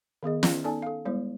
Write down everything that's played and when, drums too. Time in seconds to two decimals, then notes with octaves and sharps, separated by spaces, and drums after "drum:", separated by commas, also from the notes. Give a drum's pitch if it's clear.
0.23 D#3 B3 G#4 D#5
0.43 C#4 D5, drum: snare
0.64 B3 D#4 A4 D5 G#5 A5
0.82 A4 F5
1.05 G3 G#3 B3 E4 C5